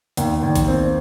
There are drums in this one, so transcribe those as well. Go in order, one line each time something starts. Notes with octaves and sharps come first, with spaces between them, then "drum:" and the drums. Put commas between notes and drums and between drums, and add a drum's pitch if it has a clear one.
D#2, drum: hi-hat
D#2
drum: kick A#1, hi-hat
C4